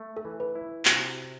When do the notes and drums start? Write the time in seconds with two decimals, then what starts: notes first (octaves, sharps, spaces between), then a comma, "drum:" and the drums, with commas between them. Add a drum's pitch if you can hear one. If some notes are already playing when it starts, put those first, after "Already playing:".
Already playing: A3
0.17 A4
0.25 E3
0.40 B4
0.55 E4
0.85 C3 F#4, drum: clap